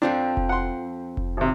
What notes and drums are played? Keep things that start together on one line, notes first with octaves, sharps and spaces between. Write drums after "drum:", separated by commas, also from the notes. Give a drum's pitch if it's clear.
F2 F3 C4 D4
drum: kick F1
F#5 C6
drum: kick F1
G#1 C3